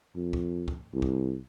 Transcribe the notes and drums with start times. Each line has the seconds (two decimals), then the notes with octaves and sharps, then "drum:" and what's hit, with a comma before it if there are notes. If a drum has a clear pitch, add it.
0.16 F2
0.33 drum: kick
0.68 drum: kick
0.93 C2
1.02 drum: kick